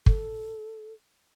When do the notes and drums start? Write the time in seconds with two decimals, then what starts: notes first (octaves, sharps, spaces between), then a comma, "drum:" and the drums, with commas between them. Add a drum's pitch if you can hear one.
0.06 A4, drum: kick